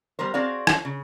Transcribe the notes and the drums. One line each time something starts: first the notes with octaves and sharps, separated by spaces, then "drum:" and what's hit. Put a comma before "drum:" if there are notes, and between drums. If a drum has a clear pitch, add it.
G3 B3 A#4 C5
C4 F#4 G#4 D5 F5
drum: rim click
C#3